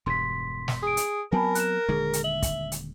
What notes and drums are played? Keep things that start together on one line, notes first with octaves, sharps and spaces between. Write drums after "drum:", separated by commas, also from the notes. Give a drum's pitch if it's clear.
E1 G2 C6 B6
drum: snare
G#4 D#6 D7
drum: hi-hat
F#3 B3 C4 A#4 G#5 A5 B5
F#6 E7, drum: hi-hat
D#1 D3 G#3 G#4
drum: hi-hat
E5 F#7
drum: kick, hi-hat
drum: hi-hat